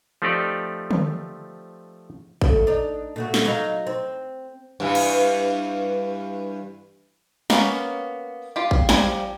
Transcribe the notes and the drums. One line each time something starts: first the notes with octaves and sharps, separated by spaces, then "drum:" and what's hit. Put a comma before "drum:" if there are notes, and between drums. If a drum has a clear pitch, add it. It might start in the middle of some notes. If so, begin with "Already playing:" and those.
F3 A3 C4 D#4 G4 D5
drum: tom
D2 A4, drum: kick A1
D4 D#4
A#2 A3 F#4
drum: snare
F#3 D#4 F5
C4
G2 E3
drum: cymbal
A#3 B3 C#4, drum: snare
F4 G4
drum: kick A1
F3 G3 A#4 G#5, drum: snare